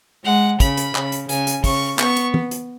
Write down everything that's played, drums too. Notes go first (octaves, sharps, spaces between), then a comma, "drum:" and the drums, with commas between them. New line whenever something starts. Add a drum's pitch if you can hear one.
G#3 F#5
C#3 B5, drum: kick, hi-hat
drum: hi-hat
C#3, drum: clap
drum: hi-hat
C#3 G#5, drum: hi-hat
drum: hi-hat
C#3 C#6, drum: kick, open hi-hat
B3 C#6, drum: clap
drum: hi-hat
drum: tom
drum: hi-hat